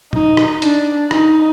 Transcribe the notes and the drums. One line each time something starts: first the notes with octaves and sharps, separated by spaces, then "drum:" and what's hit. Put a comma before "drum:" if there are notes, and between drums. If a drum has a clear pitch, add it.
D#4, drum: tom A#2
drum: rim click
D4, drum: hi-hat
D#4, drum: rim click